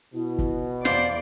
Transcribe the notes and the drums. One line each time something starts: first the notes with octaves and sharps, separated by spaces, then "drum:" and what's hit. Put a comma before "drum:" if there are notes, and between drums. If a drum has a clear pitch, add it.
B2 E4
drum: kick
E2 C5 D5 F5, drum: snare